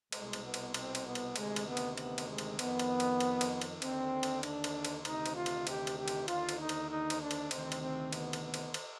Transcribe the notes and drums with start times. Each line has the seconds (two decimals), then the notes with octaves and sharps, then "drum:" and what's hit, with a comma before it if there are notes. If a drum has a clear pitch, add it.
0.12 C2 B2 G#3, drum: cymbal
0.33 drum: cymbal
0.44 B3
0.54 drum: cymbal
0.74 C4, drum: cymbal
0.95 drum: cymbal
1.05 B3
1.15 drum: cymbal
1.36 D2 C3 D#3 G#3, drum: cymbal
1.56 drum: cymbal
1.67 B3
1.77 drum: cymbal
1.98 B3, drum: cymbal
2.18 drum: cymbal
2.28 G#3
2.38 drum: cymbal
2.59 F2 D#3 B3, drum: cymbal
2.79 drum: cymbal
3.00 drum: cymbal
3.20 drum: cymbal
3.41 drum: cymbal
3.61 drum: cymbal
3.82 D#2 D3 C4, drum: cymbal
4.23 drum: cymbal
4.43 D4, drum: cymbal
4.64 drum: cymbal
4.85 drum: cymbal
5.05 D2 C3 D#3 D#4, drum: cymbal
5.26 drum: cymbal
5.36 F4
5.46 drum: cymbal
5.67 G4, drum: cymbal
5.87 drum: cymbal
5.98 G4
6.08 drum: cymbal
6.28 D#2 D3 F4, drum: cymbal
6.49 drum: cymbal
6.59 D#4
6.69 drum: cymbal
6.89 D#4
7.10 drum: cymbal
7.21 D4
7.31 drum: cymbal
7.51 D2 C3 D#3 C4, drum: cymbal
7.72 drum: cymbal
7.82 C4
8.13 B3, drum: cymbal
8.33 drum: cymbal
8.44 B3
8.54 drum: cymbal
8.74 drum: cymbal